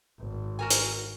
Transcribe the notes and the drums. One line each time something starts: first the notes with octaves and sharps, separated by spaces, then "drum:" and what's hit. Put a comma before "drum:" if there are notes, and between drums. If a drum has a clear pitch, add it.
G#1
F#4 A#4 G#5
drum: hi-hat